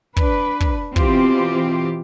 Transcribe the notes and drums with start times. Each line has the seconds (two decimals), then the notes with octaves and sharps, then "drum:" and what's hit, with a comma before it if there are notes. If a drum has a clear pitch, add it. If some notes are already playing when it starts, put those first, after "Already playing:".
0.17 D4 B4, drum: kick
0.60 drum: kick
0.96 B2 E3 C4 F4 G4, drum: kick